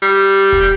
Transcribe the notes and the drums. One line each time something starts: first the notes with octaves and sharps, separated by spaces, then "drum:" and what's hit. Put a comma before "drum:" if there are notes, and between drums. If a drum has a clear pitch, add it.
G3, drum: hi-hat
drum: hi-hat
drum: kick D#1, open hi-hat